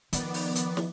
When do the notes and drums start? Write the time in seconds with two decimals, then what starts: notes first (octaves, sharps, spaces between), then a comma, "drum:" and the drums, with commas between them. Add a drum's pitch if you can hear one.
0.13 D#3 F3 B3 D5, drum: hi-hat
0.34 drum: open hi-hat
0.55 drum: hi-hat
0.77 drum: snare